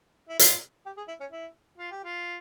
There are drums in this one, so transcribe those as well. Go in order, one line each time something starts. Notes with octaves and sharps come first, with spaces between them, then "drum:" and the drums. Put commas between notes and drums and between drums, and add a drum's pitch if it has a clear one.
E4
F4, drum: hi-hat
G4
G#4
E4
C#4
E4
F4
G4
F4